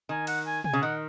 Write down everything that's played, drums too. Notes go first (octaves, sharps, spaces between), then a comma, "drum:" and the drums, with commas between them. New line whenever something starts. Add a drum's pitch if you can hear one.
D#3 G#5
F#5, drum: cymbal
G#5
G#5, drum: tom
C#3
D#3 F#5